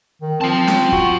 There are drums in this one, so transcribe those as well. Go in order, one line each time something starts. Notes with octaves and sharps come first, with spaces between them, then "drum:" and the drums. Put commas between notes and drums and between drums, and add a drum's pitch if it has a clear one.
D#3
C4 F4 A5
drum: snare C#4
F#4, drum: kick